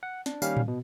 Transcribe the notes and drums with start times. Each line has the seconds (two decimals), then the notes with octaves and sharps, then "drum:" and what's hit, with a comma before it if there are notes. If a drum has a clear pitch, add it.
0.03 F#5
0.26 D4, drum: snare
0.42 D#3 G3 A#3 C#4 F5, drum: tambourine
0.57 drum: tom A2
0.68 B2